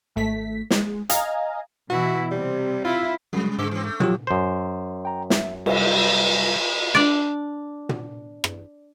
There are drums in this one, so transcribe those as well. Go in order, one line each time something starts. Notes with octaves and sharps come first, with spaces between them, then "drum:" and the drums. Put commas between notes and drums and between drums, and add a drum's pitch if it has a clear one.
G#1 A3 B6
G#3, drum: snare
D#5 F5 G#5 A#5, drum: hi-hat
B2 E3 E4 F#4
C3 G3
E4 F4
F#2 C3 G3 G#3
G#2 C#3 G#3 D6 E6
E3 C4
A3
F3 F#3 F4 G4, drum: tom
F#2 C5
G5 A#5
E5, drum: snare
C3 G3, drum: cymbal
D4 D5
drum: tom
drum: rim click